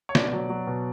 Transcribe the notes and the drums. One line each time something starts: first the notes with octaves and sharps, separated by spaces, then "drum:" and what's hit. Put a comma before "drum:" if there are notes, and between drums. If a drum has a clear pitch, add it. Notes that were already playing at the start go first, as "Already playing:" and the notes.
C#5
B2 D5, drum: snare
F#3
F#3
B2